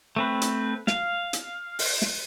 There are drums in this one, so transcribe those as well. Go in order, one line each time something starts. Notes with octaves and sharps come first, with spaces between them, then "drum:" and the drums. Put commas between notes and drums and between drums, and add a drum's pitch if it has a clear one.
A3 C4 B4
drum: hi-hat
F5, drum: snare
drum: hi-hat
drum: open hi-hat
drum: snare